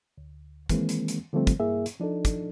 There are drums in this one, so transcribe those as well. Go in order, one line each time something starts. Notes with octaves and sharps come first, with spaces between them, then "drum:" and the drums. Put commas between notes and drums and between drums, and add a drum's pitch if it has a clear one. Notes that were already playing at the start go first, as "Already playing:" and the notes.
D2
D#3 E3 G#3 A#3 C4, drum: kick, hi-hat
drum: hi-hat
drum: hi-hat
D3 F3 G3 A3 C4
drum: kick, hi-hat
G2 A#3 E4 G#4 E5
drum: hi-hat
F3 D4 D#4 A4
drum: kick, hi-hat